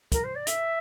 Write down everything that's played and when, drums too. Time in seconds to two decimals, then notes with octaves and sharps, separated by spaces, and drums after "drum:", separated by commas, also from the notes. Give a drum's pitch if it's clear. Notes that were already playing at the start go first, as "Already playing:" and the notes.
0.12 A#4, drum: kick, hi-hat
0.24 C5
0.35 D5
0.47 E5, drum: hi-hat